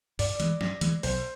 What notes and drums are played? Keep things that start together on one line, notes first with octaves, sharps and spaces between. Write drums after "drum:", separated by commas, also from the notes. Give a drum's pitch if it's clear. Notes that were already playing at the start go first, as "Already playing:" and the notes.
G2 D5, drum: open hi-hat
E3 G#3, drum: hi-hat
G2, drum: snare
E3 G#3, drum: hi-hat
B1 C5, drum: open hi-hat